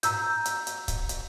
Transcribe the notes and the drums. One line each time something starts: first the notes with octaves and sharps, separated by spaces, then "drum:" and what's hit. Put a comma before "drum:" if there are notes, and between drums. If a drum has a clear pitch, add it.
A#5 E6 G6, drum: hi-hat
drum: hi-hat
drum: hi-hat
drum: kick C#1, hi-hat
drum: hi-hat